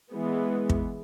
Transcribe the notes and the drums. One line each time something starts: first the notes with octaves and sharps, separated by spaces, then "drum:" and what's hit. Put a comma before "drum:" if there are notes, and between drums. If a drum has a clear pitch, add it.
E3 G#3 B3
drum: kick